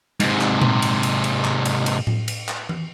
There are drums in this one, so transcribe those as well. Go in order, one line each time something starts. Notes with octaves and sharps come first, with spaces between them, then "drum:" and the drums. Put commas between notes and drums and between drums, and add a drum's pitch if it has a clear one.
G#2 C3, drum: cymbal
drum: clap
drum: tom A#2
drum: cymbal
drum: cymbal
drum: cymbal
drum: clap
drum: cymbal
drum: cymbal
drum: tom A2
drum: cymbal
drum: clap
drum: tom E3